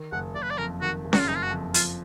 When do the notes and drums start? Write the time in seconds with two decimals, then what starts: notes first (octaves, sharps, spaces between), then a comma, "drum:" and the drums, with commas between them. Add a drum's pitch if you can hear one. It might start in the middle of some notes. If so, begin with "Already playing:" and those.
Already playing: D#3
0.12 F#1 F#5
0.35 F#1 D5
0.43 B4
0.51 D5
0.58 F2 A#4
0.82 D#3 F#4
1.04 F#1
1.13 F#4, drum: snare C#4
1.20 F4
1.28 F#1 D#4
1.36 F4
1.43 F#4
1.51 F2
1.74 F3 F4, drum: hi-hat